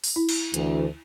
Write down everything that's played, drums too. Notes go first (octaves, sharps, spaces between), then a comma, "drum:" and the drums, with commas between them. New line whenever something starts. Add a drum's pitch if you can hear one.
drum: open hi-hat
E4
drum: cymbal
D2 E3, drum: hi-hat